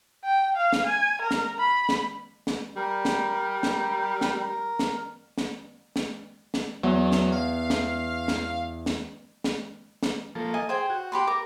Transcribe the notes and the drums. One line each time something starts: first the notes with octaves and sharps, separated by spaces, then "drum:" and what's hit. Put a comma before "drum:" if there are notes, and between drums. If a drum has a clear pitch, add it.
G5
F5
drum: snare
G#5
A#4
drum: snare
B5
drum: snare
drum: snare
G3 A#4
drum: snare
drum: snare
drum: snare
drum: snare
drum: snare
drum: snare
drum: snare
E2 F#3
drum: snare
F5
drum: snare
drum: snare
drum: snare
drum: snare
drum: snare
F3 A#3 A4
D#5 G#5
G#4 C5 G5
F#4
G4 B5 C6
A#4 D6